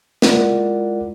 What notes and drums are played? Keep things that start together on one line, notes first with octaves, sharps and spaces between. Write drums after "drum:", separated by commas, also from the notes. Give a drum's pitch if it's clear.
G#3 E4 F4 A#4 D5 F#5, drum: snare